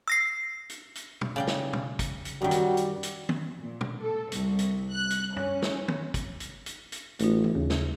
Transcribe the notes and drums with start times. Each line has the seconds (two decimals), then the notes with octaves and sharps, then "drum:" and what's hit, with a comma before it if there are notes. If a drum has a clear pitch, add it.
0.08 E6 A#6 C7
0.69 drum: hi-hat
0.95 drum: hi-hat
1.21 drum: tom
1.36 C#3 D5 G5
1.47 drum: snare
1.73 drum: tom
1.99 drum: kick, hi-hat
2.25 drum: hi-hat
2.42 F#2 D#3 G3 F#4
2.51 drum: hi-hat
2.77 drum: hi-hat
3.03 drum: hi-hat
3.29 drum: tom
3.61 A#2
3.81 drum: tom
4.01 A4
4.32 C2, drum: hi-hat
4.59 drum: hi-hat
4.92 F#6
5.10 drum: hi-hat
5.36 C#4, drum: tom
5.62 drum: snare
5.88 drum: tom
6.14 drum: kick, hi-hat
6.40 drum: hi-hat
6.66 drum: hi-hat
6.92 drum: hi-hat
7.19 A1 A3 D#4 F4, drum: hi-hat
7.44 drum: tom E3
7.55 D#2 C#3
7.70 drum: snare